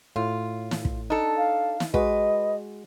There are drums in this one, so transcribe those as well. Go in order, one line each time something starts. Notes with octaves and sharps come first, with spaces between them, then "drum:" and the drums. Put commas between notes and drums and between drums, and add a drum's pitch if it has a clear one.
A2 F4
drum: snare
drum: kick
D4 D#4 A4
F5
drum: snare
G#3 F#4 B4 D#5, drum: kick